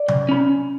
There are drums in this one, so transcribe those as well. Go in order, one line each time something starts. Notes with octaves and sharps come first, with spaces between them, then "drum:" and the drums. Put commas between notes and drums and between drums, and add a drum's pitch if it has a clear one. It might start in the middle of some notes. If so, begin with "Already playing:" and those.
Already playing: D5
F#2, drum: tom C3
C#4 B5